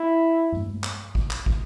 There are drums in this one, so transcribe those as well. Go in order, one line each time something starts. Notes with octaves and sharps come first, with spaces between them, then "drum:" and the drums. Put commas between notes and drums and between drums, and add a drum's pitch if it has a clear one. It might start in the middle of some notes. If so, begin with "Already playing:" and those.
Already playing: E4
drum: tom G2
drum: clap
drum: kick
drum: clap
drum: kick